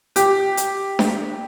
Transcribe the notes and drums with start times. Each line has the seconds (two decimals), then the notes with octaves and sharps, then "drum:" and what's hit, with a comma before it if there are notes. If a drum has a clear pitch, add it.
0.16 G4, drum: hi-hat
0.57 drum: hi-hat
0.99 drum: snare D4